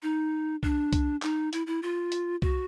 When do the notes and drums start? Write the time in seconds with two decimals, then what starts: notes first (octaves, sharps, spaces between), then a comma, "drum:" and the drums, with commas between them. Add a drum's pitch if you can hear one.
0.03 D#4
0.63 D4, drum: kick C2
0.93 drum: kick C2, hi-hat
1.22 D#4, drum: clap
1.53 E4, drum: hi-hat
1.67 E4
1.83 F4
2.12 drum: hi-hat
2.42 F#4, drum: kick C2